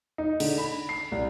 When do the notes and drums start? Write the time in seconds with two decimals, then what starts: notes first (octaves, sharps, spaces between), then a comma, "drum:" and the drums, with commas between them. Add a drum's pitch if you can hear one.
0.18 D#4
0.40 D3, drum: cymbal
0.58 B5
0.89 C7
1.12 C2